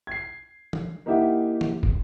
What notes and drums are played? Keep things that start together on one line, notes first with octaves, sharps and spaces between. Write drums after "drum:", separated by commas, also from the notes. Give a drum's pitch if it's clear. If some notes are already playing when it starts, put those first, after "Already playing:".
G#6 C7
drum: tom
A#3 D#4 E4 G4 E5 F#5
drum: tom
drum: kick